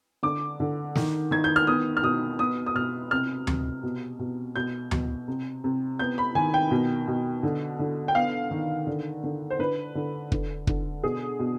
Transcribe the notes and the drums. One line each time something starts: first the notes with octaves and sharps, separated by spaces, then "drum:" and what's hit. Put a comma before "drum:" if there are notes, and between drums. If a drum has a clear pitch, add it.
D3 D6
D3
D#3, drum: snare
D#3 G#6
G6
F6
B3 D#6
F6
B2 D#6
B3 D#6
D#6
B2 F6
C3 F6
C3, drum: tom D2
B2
B2
B2 G6
B2, drum: tom D2
C3
C3
B3 G6
B5
D#3 G#5
G5
B2
B2
D3
D3
G5
B3 F5
D#3
D3
D3
C5
D3 B4
D3
D3, drum: kick
D3, drum: kick
B2 G#4
B2